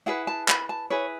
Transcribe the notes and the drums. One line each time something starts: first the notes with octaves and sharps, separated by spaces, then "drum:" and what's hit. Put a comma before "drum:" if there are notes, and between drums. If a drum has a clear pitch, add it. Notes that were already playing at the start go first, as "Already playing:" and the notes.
E4 G#4 B4 F#5
A5
B5, drum: clap
A5
E4 G#4 B4 C#5